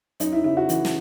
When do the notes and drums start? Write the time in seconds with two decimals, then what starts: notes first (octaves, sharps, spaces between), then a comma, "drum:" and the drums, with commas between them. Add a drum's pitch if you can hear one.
0.20 F#2 D#4, drum: hi-hat
0.32 E4
0.44 C#3 E4
0.57 F#4
0.69 E3, drum: hi-hat
0.85 drum: snare